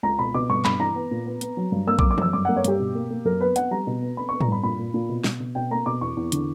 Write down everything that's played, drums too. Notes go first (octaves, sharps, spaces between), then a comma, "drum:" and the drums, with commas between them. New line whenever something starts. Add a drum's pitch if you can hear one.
C#2 A#5
B2 B5
B2 D6
G2 C#6
G2 B5, drum: clap
E3 A#5
B3
A#2
B3
B3, drum: hi-hat
F#3
G2
A#3 E6
D6, drum: kick
F#2
D6
F#2 E6, drum: tom E3
G2 D6
A#3 F#5
C#5
G2 G4, drum: hi-hat
B2
A#3
A#3
F#2 A#4
B3 B4
B3 F#5, drum: hi-hat
G3 A#5
B2
B3
B3 B5
B3 C#6
A#5, drum: tom A2
G2 B5
A#2 B5
A#2
A#2
B2
B2, drum: snare
B2
B2 G5
A#3 A#5
B2 D6
E2 C#6
E2
D3, drum: hi-hat